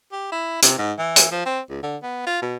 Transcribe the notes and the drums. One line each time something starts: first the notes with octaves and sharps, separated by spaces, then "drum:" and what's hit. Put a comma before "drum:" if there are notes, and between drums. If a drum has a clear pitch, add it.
G4
E4
C3, drum: hi-hat
G#2
E3
drum: hi-hat
F3
C4
C#2
D3
B3
F4
B2